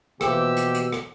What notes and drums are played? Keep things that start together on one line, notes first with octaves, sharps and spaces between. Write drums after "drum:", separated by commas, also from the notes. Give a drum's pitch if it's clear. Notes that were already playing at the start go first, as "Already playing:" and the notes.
B2 E3 F3 A#3 G4 E6, drum: rim click
drum: hi-hat
drum: hi-hat
drum: rim click